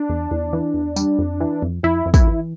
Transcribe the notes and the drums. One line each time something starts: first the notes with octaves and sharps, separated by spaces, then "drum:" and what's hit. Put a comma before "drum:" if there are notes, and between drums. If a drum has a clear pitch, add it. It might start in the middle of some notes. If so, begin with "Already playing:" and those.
Already playing: D4
E2
E2
E3
E2
G3, drum: tambourine
F2
E3
F2
F2 E4
F2
E4, drum: kick, tambourine
E3